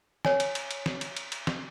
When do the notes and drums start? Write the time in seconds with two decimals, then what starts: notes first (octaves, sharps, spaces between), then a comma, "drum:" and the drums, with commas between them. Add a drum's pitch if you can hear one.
0.25 C#5 G#5, drum: snare
0.40 drum: cymbal
0.55 drum: cymbal
0.71 drum: cymbal
0.86 drum: snare
1.01 drum: cymbal
1.17 drum: cymbal
1.32 drum: cymbal
1.47 drum: snare